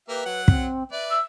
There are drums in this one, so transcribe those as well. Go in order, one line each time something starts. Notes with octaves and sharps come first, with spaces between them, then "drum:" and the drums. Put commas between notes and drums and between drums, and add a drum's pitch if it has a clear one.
A#3 G4 B4 E5
F#3 F#5
C4, drum: kick
B4 D5 E5
E6